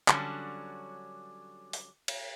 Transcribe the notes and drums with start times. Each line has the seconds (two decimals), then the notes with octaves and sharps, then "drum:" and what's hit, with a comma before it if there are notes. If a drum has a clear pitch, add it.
0.08 D3 F#3 G3 C#4 D4, drum: clap
1.73 drum: open hi-hat
2.08 drum: cymbal